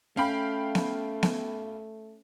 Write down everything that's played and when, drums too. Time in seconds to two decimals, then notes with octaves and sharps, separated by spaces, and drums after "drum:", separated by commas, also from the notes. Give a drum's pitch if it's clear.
0.17 A3 C#4 F5 G5 B5
0.75 drum: snare B3
1.23 drum: snare B3